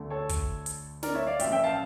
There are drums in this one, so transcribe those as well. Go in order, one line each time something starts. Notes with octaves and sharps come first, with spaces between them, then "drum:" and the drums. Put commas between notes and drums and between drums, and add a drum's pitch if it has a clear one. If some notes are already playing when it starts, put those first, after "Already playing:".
Already playing: D2 D3 A3
A4 C#5
drum: kick, hi-hat
drum: hi-hat
A#4 D5, drum: snare
C#5 E5
D5 F5
A1 G2 F3 A#3 C#4 E5 G5, drum: hi-hat
E5 G5
F5 A5